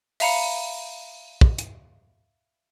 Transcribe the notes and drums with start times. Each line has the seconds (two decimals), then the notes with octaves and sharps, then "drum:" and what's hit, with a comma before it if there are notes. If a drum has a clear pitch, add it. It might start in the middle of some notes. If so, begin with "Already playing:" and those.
0.20 E5 F5 A#5 B5 C#7, drum: open hi-hat
1.41 drum: kick
1.59 drum: hi-hat